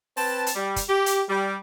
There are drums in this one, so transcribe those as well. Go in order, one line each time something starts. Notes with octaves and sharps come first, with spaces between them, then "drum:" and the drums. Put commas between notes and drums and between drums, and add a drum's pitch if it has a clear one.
C4 B4 A5, drum: open hi-hat
drum: hi-hat
G3
drum: kick, hi-hat
G4
drum: hi-hat
G3